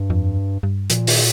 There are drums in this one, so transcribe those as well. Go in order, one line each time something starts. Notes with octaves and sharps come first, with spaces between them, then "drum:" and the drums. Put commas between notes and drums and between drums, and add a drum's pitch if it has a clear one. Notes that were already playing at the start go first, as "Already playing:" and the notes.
Already playing: G2
F2
G2
A#2 F3, drum: hi-hat
D#3, drum: open hi-hat